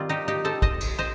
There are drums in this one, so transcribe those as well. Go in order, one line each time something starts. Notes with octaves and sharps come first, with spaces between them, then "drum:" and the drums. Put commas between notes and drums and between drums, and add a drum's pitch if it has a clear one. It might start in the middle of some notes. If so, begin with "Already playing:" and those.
Already playing: D#3 G3 C4 F4
D#4 G4
D#4 G4
A4 C5
C5 D#5, drum: kick
drum: cymbal
C5 D#5